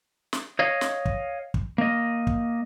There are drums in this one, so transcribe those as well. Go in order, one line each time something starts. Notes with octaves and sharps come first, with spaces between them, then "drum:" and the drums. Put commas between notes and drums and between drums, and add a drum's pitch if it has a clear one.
drum: snare
C#5 D#5 F5
drum: snare
drum: kick
drum: kick
A#3 D#5
drum: kick